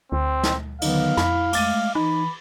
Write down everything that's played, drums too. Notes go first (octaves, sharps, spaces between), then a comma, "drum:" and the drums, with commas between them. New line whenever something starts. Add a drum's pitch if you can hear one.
D2 C4
drum: snare
D3 D#3 F#3 B3 D#4 F5, drum: cymbal
F2 E4 B5, drum: snare
G#3 A3 D6 A6 D#7, drum: cymbal
E3 D#4 B5